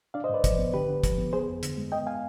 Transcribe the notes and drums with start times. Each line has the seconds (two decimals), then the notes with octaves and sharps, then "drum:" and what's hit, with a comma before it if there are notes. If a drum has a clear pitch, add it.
0.14 D4 D5 F5
0.24 C5 D#5
0.29 G#2 B4 D5
0.44 F3, drum: kick, hi-hat
0.59 B3
0.74 D3 G4 B4
0.88 D3
1.04 F3, drum: kick, hi-hat
1.18 B3
1.33 B3 G#4 C5
1.47 F2
1.63 D3, drum: hi-hat
1.77 G#3
1.92 B3 D#5 G5
2.07 F5 G#5